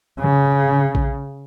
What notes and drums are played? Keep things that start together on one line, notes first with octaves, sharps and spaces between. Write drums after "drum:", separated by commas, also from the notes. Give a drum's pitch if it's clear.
C#3
drum: kick A#1